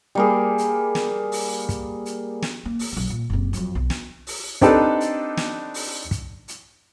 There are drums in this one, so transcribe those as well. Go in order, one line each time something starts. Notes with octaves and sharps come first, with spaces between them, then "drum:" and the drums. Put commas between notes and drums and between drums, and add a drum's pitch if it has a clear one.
G3 A#3 G#4
drum: hi-hat
drum: snare
drum: open hi-hat
drum: kick, hi-hat
drum: hi-hat
drum: snare
A#3
drum: open hi-hat
B1 C3
A#2
F#1 C3
F2 F#3, drum: hi-hat
B1
drum: snare
drum: open hi-hat
C4 D4 D#4 G4 A4 B4, drum: kick, hi-hat
drum: hi-hat
drum: snare
drum: open hi-hat
drum: kick, hi-hat
drum: hi-hat